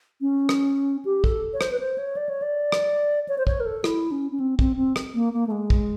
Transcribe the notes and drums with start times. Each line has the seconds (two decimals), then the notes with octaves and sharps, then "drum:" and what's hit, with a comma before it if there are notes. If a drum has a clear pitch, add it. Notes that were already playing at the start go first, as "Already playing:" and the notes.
0.21 C#4
0.49 drum: rim click
1.05 G4
1.24 A4, drum: kick
1.53 C#5
1.61 C5, drum: rim click
1.71 B4
1.80 C5
1.98 C#5
2.17 D5
2.29 C#5
2.42 D5
2.72 drum: rim click
3.29 C#5
3.38 C5
3.47 C#5, drum: kick
3.60 A#4
3.66 A4
3.84 E4, drum: rim click
4.11 C#4
4.32 C#4
4.40 C4
4.59 C4, drum: kick
4.77 C4
4.96 drum: rim click
5.15 A#3
5.33 A#3
5.47 A3
5.52 G#3
5.70 drum: kick